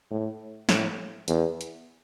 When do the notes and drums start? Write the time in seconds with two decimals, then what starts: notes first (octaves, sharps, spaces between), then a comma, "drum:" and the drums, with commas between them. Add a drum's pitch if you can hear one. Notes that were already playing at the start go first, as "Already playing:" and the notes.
0.11 A2
0.69 A2, drum: snare
1.28 E2, drum: hi-hat
1.61 drum: hi-hat